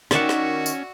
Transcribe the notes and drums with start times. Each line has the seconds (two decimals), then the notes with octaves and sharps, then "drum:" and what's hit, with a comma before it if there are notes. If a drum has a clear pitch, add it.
0.11 D#3 C#4 F#4 D5 E5 F#5, drum: snare
0.29 drum: snare
0.66 drum: tambourine